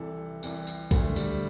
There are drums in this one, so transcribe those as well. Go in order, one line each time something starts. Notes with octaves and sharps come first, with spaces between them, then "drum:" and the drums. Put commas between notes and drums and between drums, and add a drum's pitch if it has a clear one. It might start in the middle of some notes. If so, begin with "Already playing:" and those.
Already playing: C2 C3 E3 A4
C2 C3 E3, drum: tambourine
drum: tambourine
D2 D3 A3, drum: kick, tambourine
G3, drum: tambourine